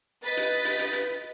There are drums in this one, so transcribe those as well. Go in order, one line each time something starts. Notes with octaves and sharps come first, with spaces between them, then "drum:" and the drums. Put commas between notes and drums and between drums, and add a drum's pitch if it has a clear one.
B4 D#5 A6 B6
drum: hi-hat
drum: hi-hat
drum: hi-hat
drum: hi-hat